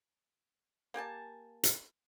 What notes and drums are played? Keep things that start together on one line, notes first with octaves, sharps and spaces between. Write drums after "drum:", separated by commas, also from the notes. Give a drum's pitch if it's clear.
A#3 G4 G#5 A5
drum: hi-hat